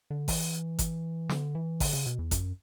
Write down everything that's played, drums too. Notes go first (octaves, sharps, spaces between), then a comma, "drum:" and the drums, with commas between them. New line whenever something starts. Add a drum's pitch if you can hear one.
D3
E3, drum: kick G#1, open hi-hat
drum: kick G#1, hi-hat
D3, drum: snare
E3
D3, drum: kick G#1, open hi-hat
C#3
B2
E2
F#2, drum: kick G#1, hi-hat